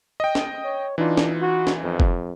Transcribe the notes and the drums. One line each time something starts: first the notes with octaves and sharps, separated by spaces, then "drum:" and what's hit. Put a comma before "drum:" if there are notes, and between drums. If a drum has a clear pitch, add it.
D#5 G5
drum: snare
C#5
E3 D4 D#4 F4
drum: snare
F#4
drum: snare
F2
drum: kick